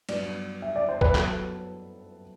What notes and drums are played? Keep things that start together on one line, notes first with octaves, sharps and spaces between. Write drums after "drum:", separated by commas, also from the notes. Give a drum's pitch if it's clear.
G2 F#3 B3 D5, drum: cymbal
E5
D5
C5
B4, drum: kick
F#2 F#3 B3 A4, drum: clap